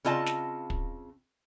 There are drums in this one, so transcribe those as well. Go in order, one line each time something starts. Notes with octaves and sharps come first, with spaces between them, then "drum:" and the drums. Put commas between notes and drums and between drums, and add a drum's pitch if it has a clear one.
C#3 C4 F4 D#5 A5
drum: snare
drum: kick